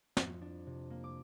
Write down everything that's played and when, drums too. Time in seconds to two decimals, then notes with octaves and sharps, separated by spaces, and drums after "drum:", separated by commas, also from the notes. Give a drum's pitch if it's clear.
0.17 F2, drum: snare
0.42 D4
0.66 C3
0.90 A#3
1.04 D6